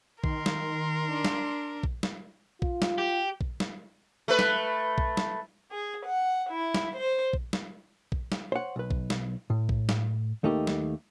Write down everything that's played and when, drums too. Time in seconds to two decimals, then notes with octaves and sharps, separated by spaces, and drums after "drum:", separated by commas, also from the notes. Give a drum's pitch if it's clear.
0.24 D#3 A#4 C6, drum: kick A#1
0.46 drum: snare
1.08 D4
1.25 drum: snare
1.83 drum: kick A#1
2.03 drum: snare
2.62 F4, drum: kick A#1
2.82 drum: snare
2.98 G4
3.41 drum: kick A#1
3.60 drum: snare
4.28 A3 B4
4.39 drum: snare
4.98 drum: kick A#1
5.17 drum: snare
5.72 G#4
6.04 F#5
6.50 E4
6.74 drum: snare
6.96 C5
7.33 drum: kick A#1
7.53 drum: snare
8.12 drum: kick A#1
8.32 drum: snare
8.52 C5 C#5 F#5
8.76 B1 B4
8.91 drum: kick A#1
9.10 drum: snare
9.50 A2
9.69 drum: kick A#1
9.89 drum: snare
10.43 D#2 A3 A#3 D#4 G4
10.67 drum: snare